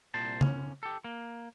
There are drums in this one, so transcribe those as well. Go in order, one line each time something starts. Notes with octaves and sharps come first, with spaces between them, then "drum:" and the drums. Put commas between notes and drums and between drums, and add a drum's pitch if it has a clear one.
C2 A#2 C5 A5
C#4, drum: tom C#3
G4 A4
A#3